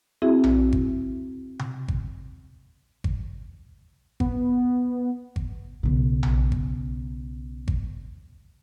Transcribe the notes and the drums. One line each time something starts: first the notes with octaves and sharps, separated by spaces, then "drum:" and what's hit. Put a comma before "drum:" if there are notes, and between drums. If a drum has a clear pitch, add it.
C4 E4 F#4 G#4 E5
drum: tom A#1
drum: kick G#1
drum: tom C3
drum: kick G#1
drum: kick G#1
B3, drum: kick G#1
drum: kick G#1
B1 C#3
drum: tom A#1
drum: kick G#1
drum: kick G#1